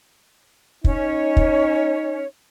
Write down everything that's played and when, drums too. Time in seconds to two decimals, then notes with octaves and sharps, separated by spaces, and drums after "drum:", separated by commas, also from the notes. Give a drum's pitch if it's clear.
0.84 C#4 D#4 C#5, drum: kick
1.37 drum: kick